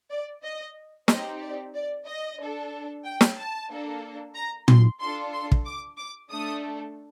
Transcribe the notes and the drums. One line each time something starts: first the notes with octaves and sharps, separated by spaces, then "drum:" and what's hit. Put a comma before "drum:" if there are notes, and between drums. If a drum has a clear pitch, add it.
D5
D#5
C4 D#4 G4 D#5, drum: snare
D5
D5
D#5
D4 A4
G5
drum: snare
A5
A#3 D4 A4
A#5
C6, drum: tom A#2
D4 F4 A4 C6
C6
drum: kick
D6
D6
A3 D4 A4 D#6